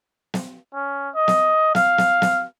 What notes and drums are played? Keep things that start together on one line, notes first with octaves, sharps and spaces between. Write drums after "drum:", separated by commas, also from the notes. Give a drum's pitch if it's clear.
drum: snare
C#4
D#5
drum: snare
F5, drum: snare
drum: snare
drum: snare